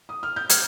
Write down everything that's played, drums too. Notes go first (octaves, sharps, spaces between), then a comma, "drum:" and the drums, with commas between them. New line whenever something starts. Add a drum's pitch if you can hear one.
D#6
F6
G6
F6 G#6, drum: hi-hat